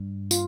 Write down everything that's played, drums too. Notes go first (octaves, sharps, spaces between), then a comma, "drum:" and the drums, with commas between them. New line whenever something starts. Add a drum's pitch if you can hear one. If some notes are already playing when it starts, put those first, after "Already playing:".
Already playing: G2
F4, drum: tambourine